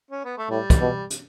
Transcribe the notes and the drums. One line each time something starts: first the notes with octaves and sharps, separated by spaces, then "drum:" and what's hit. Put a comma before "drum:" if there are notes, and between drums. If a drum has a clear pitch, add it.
C#4
B3
A3
A2 G3
drum: kick, hi-hat
B2
drum: hi-hat